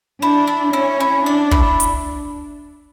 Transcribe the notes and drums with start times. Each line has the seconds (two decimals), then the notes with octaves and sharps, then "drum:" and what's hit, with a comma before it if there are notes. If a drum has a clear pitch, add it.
0.22 D4 E4
0.47 E4
0.73 C#4 E4
1.00 E4
1.26 D4 D5
1.51 E4, drum: kick
1.80 drum: hi-hat